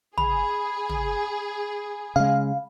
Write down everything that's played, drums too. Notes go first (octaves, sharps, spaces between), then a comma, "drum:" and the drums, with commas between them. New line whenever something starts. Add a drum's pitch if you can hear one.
G#4 B5, drum: tom
drum: tom
C#3 G#3 F5